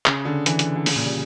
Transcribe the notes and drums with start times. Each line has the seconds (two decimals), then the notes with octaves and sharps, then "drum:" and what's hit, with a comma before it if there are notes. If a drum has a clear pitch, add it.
0.06 C#3, drum: clap
0.25 D3
0.46 E3, drum: hi-hat
0.59 drum: hi-hat
0.76 D3
0.86 C#3, drum: open hi-hat
0.96 A#2
1.06 G3